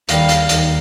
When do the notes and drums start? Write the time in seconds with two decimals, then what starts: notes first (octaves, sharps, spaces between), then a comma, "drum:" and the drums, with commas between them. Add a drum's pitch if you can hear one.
0.09 D#2 D#3 G3 F5, drum: hi-hat
0.29 drum: hi-hat
0.49 D#2 D#3, drum: hi-hat